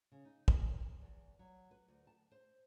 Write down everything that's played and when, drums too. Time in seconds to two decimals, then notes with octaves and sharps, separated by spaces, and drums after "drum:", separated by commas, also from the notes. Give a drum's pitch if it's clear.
0.12 C#3
0.25 D#4
0.48 A#4, drum: kick
1.02 E2
1.39 F#3
1.71 B4
1.88 D2
2.07 A5
2.32 C5